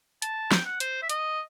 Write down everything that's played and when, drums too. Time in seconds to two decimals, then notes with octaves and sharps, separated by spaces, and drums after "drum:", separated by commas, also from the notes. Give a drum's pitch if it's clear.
0.22 A5, drum: hi-hat
0.51 G5, drum: snare
0.65 F#5
0.80 C5, drum: hi-hat
1.02 E5
1.10 D#5, drum: hi-hat